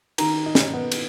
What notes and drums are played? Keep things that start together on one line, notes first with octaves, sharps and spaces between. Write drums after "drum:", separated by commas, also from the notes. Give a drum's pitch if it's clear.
D#3 A#5, drum: cymbal
D#4
drum: snare
B3
drum: cymbal